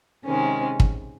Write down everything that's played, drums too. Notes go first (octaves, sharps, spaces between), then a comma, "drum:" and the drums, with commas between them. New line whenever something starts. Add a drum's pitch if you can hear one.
C3 D#3 G#3 C#4
drum: kick